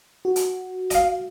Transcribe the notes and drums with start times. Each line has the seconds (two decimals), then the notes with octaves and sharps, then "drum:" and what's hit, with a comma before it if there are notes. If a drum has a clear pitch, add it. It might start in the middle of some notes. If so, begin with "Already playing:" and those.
0.25 F#4
0.36 drum: hi-hat
0.91 D#5 F5, drum: hi-hat